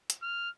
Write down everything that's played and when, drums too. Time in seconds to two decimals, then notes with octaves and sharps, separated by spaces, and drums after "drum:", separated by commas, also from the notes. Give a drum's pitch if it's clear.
0.10 drum: hi-hat
0.22 F6